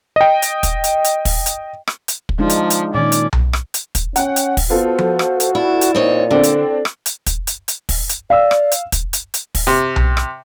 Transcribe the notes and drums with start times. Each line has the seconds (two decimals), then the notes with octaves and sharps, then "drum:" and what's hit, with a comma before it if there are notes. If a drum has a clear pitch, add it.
0.16 D#5 G5
0.42 drum: hi-hat
0.63 drum: kick, hi-hat
0.84 drum: hi-hat
1.05 drum: hi-hat
1.25 drum: kick, open hi-hat
1.46 drum: hi-hat
1.87 drum: rim click
2.08 drum: hi-hat
2.29 drum: kick
2.39 F3 G#3 D4 D#4
2.50 drum: hi-hat
2.70 drum: hi-hat
2.95 A#2 D#3 C#4 D5
3.12 drum: hi-hat
3.33 drum: tom B1
3.53 drum: rim click
3.74 drum: hi-hat
3.95 drum: kick, hi-hat
4.16 C#4 F#5 G5, drum: hi-hat
4.36 drum: hi-hat
4.57 drum: kick, open hi-hat
4.70 B3 F4 F#4 A4 C5
4.98 drum: tom F3
5.19 drum: rim click
5.40 drum: hi-hat
5.55 E4 D5
5.81 drum: hi-hat
5.95 A#2 C4 D#4 C#5
6.31 D3 C4 D4
6.44 drum: hi-hat
6.85 drum: rim click
7.06 drum: hi-hat
7.27 drum: kick, hi-hat
7.47 drum: hi-hat
7.68 drum: hi-hat
7.89 drum: kick, open hi-hat
8.09 drum: hi-hat
8.30 D5 F5 E6
8.51 drum: rim click
8.72 drum: hi-hat
8.92 drum: kick, hi-hat
9.13 drum: hi-hat
9.34 drum: hi-hat
9.55 drum: kick, open hi-hat
9.67 C3
9.96 drum: tom B1
10.17 drum: rim click